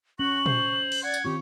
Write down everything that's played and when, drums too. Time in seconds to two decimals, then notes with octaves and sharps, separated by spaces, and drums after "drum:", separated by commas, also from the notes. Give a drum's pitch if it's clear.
0.19 C#4 F#4 C#6 F#7
0.46 C5, drum: tom A#2
0.92 drum: cymbal
1.03 D5 F#5 G#6
1.14 drum: tambourine
1.25 D#3 C4 F4 G4 C#5